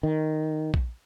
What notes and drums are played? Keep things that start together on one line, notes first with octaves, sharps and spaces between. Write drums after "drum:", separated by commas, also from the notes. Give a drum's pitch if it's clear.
D#3
drum: kick